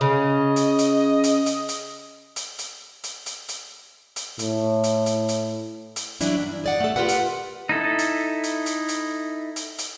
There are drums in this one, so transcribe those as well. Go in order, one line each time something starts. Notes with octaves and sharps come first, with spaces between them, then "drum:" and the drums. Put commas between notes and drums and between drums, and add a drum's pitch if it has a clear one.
C#3 D#5
drum: hi-hat
drum: hi-hat
drum: hi-hat
drum: hi-hat
drum: hi-hat
drum: hi-hat
drum: hi-hat
drum: hi-hat
drum: hi-hat
drum: hi-hat
drum: hi-hat
A2, drum: hi-hat
drum: hi-hat
drum: hi-hat
drum: hi-hat
drum: hi-hat
E3 F#3 D4 E4, drum: hi-hat
G2
G#4 D5 F#5
A3 A4
F4 G4 A#4 B4 F#5
drum: hi-hat
D#4 E4 A4
drum: hi-hat
drum: hi-hat
drum: hi-hat
drum: hi-hat
drum: hi-hat
drum: hi-hat